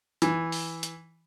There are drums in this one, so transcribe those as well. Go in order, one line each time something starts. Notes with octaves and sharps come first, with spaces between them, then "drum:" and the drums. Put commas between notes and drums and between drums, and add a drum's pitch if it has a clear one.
E3, drum: hi-hat
drum: open hi-hat
drum: hi-hat